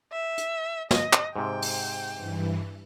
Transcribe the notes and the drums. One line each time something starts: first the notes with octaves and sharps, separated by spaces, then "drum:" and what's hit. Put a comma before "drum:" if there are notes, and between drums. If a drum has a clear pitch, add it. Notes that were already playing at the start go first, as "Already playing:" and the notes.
E5
drum: hi-hat
D#5, drum: snare
drum: clap
G#2 C3 G5
drum: open hi-hat
G2 E3